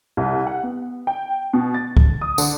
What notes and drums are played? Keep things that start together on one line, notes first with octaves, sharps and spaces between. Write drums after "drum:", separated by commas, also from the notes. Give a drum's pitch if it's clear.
C2
F#5
B3
G5
B2
A6
drum: kick C#2
D#6
D3, drum: tambourine